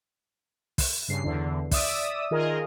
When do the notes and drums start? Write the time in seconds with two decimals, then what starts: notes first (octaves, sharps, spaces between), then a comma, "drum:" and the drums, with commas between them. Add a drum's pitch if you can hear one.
0.78 drum: kick, open hi-hat
1.08 G2 C#3 C7
1.24 E2 D3
1.71 D5 E5 D#6 E6, drum: kick, open hi-hat
2.31 D#3 F4 G#4 A#4 D#5